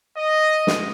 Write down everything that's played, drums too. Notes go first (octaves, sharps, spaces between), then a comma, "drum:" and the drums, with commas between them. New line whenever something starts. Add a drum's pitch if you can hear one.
D#5
drum: snare